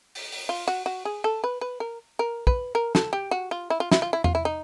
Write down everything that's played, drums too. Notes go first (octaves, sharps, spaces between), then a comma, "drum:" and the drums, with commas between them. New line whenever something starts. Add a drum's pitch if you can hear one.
drum: open hi-hat
drum: open hi-hat
F4
F#4
F#4
G#4
A4
B4
B4
A#4
A#4
B4, drum: kick
A#4
A4, drum: snare
G4
F#4
F4
E4
F4
E4, drum: snare
F4
E4
F4, drum: tom E2
E4
D#4